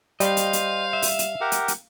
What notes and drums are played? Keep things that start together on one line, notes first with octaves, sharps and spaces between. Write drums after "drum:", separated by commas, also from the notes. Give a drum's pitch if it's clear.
G3 C5 D#5 F5 G5, drum: hi-hat
drum: hi-hat
drum: hi-hat
E5
drum: open hi-hat
drum: hi-hat
G4 A#4 F#5
drum: hi-hat
drum: hi-hat